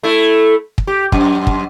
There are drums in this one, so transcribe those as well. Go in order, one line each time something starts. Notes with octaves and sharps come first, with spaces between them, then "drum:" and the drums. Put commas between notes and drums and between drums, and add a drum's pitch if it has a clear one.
A3 E4
drum: kick
G4
F#2, drum: kick
drum: kick